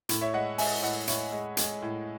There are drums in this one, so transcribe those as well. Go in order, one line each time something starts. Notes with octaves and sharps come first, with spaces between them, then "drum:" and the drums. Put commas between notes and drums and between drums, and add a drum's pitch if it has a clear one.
A2, drum: hi-hat
C#5 E5
G#3 D#5 F#5
G#3 E5 G#5, drum: open hi-hat
A2 D#5 F#5
A2 C#5 E5, drum: hi-hat
G#3
G#3, drum: hi-hat
A2